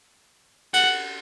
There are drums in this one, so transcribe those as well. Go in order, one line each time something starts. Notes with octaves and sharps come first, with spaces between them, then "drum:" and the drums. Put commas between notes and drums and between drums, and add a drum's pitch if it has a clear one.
F#5, drum: cymbal